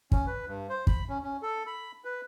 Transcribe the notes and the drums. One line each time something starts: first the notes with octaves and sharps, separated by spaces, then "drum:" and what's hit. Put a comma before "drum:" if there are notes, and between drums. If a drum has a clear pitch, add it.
C#4, drum: kick
B4
G2
C5
B5, drum: kick
C#4
C#4
A4
B5
B4